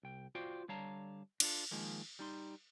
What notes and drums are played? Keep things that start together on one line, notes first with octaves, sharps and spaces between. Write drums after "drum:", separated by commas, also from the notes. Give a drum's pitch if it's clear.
C2 G5
F4 F#4 C5 D5 F5 G5
D3 G3 C#5 F5 A5 A#5
D4 F4 A4, drum: cymbal
D#3 F3 G#3 A#3
G3 D#4 C6